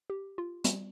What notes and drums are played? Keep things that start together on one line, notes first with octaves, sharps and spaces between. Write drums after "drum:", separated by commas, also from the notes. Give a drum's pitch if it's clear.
G4
F4
G3, drum: hi-hat